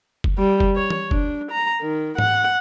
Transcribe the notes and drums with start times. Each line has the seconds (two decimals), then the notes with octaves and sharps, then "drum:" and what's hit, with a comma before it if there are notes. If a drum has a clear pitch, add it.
0.24 drum: kick F#1
0.39 G3
0.60 drum: kick F#1
0.76 C#5
0.90 drum: tom E3
1.11 D4, drum: kick F#1
1.51 A#5
1.82 D#3
2.18 F#5, drum: tom G#2